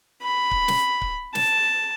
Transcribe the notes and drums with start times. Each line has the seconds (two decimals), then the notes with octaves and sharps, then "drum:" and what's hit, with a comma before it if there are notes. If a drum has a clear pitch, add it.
0.22 B5
0.51 drum: kick C#1
0.68 drum: snare
1.01 drum: kick C#1
1.35 A5, drum: snare